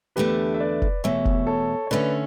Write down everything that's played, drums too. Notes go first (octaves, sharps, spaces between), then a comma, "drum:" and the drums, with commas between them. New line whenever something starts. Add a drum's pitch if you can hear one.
E2 D3 A3 D4 G4 B4
E5
B4 D5
drum: kick
E2 B2 A3 C#5 E5
drum: kick
A4 C#5
C#5
D3 A3 C#4 B4 D5